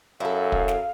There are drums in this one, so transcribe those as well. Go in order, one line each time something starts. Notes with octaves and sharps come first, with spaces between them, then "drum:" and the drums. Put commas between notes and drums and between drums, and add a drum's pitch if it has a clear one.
F#2 E4 A4 F5
drum: kick
drum: snare